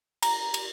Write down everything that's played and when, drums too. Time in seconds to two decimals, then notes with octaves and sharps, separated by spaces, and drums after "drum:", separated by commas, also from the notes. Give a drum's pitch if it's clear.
0.23 A#5, drum: cymbal
0.54 drum: cymbal